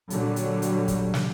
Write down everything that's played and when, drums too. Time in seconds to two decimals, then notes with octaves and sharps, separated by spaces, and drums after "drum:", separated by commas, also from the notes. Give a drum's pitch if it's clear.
0.10 A#2 D3 F#3 G3, drum: hi-hat
0.36 drum: hi-hat
0.62 drum: hi-hat
0.88 drum: kick, hi-hat
1.14 drum: snare